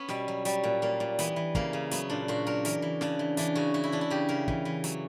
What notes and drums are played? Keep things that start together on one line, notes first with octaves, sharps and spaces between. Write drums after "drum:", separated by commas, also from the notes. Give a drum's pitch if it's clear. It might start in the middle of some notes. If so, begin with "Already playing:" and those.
Already playing: B3 C#4
B2 G3, drum: snare
F#3
F#3 G3, drum: hi-hat
A#2
A#2 A#3
A#2
E3 B3, drum: hi-hat
E3
C#3 A#3, drum: kick
C#3
F#3 B3, drum: hi-hat
A#2 D4
A#2 F#4
F#3 A#4
E3 A#4, drum: hi-hat
E3
C#3 D4, drum: snare
E3
E3 D4, drum: hi-hat
C#3 F#4
E3 F#4
E4
E3 D4
E4
C#3 G4
C#3 A#4
E3, drum: kick
E3
F#3, drum: hi-hat